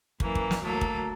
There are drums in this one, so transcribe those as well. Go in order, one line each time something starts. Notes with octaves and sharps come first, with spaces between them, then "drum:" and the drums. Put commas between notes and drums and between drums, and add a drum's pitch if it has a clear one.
F#2 E3 A#3, drum: kick
drum: kick
drum: snare
D2 F#3 A#3 A4
drum: kick